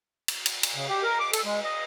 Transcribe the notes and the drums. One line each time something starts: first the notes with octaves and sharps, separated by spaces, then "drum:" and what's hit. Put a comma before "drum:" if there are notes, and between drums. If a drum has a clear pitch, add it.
drum: cymbal
drum: cymbal
drum: cymbal
C#3
G4
A#4
D6
A4, drum: cymbal
G#3
D#5